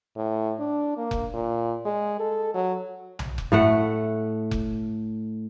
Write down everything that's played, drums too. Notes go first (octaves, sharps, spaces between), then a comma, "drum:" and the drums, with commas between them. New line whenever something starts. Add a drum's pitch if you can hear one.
A2
D4
A#3
drum: kick F1
A#2
G#3
A4
F#3
drum: tom B1
drum: kick F1
A2 A3 F#5
drum: kick F1